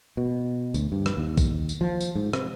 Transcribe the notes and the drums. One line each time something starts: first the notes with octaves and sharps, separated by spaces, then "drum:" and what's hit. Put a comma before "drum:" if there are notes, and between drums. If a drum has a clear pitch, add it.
B2
D2, drum: tambourine
G2
drum: rim click
D#2
drum: kick A#1, tambourine
drum: tambourine
F3
drum: tambourine
G#2
C3, drum: rim click